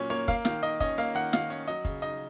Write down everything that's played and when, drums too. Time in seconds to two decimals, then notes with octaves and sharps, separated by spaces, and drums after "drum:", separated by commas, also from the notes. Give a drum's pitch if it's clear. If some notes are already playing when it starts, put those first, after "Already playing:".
Already playing: A#2 F#3 A#3 C#4 C#5
0.10 A#3 C#5
0.28 A#3 F5, drum: kick, hi-hat
0.45 D#3 F5, drum: snare
0.63 D#3 D#5, drum: hi-hat
0.80 C#4 D#5, drum: kick, hi-hat
0.98 A#3 F5, drum: hi-hat
1.15 D#3 F#5, drum: hi-hat
1.33 D#3 F5, drum: snare
1.50 C#4, drum: hi-hat
1.68 F#3 D#5, drum: hi-hat
1.85 C#3, drum: kick, hi-hat
2.02 D#4 D#5, drum: hi-hat